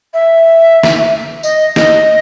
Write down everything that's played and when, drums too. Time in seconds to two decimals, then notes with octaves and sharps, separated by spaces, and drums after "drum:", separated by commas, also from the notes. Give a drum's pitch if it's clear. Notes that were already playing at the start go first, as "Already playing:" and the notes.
0.14 E5
0.83 drum: snare
1.43 D#5, drum: tambourine
1.76 D#5, drum: snare